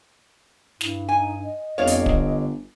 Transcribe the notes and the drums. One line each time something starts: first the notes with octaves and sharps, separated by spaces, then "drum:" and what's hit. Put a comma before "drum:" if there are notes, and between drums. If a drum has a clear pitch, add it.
G2 E4, drum: snare
D#4 G#5
D#5
G1 F2 C#5 D5 F5
drum: hi-hat
D3, drum: kick